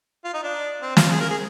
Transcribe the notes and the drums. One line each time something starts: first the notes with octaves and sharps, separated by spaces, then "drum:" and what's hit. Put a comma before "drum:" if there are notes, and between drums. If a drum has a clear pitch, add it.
F4
D#4
D4
C4
F4, drum: snare
G#4
A#4
G#4